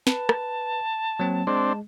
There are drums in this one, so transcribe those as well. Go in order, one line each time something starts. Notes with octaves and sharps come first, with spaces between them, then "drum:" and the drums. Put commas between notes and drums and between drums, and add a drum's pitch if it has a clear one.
B4 A5, drum: snare
drum: rim click
F#3 A#3 C4
G#3 C4 D4